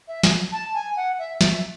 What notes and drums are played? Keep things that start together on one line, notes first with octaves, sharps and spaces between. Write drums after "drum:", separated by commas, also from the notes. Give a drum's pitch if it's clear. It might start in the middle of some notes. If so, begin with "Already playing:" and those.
E5
drum: snare
A5
G#5
F#5
E5
E5, drum: snare